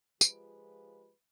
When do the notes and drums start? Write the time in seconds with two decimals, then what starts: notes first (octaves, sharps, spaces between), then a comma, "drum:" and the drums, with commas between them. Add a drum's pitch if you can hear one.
0.21 F3 G#3 F4 G4 G#4 B4, drum: tambourine